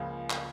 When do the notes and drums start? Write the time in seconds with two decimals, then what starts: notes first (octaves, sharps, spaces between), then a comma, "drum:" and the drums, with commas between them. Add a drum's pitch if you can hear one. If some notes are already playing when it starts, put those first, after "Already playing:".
Already playing: C#2 C#3 F3 A#3 F4
0.30 F5, drum: clap